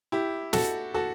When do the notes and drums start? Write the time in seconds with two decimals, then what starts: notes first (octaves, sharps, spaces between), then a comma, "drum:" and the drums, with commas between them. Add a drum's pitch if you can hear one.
0.12 E4 G4
0.53 F#4 A4, drum: snare
0.94 F#4 A4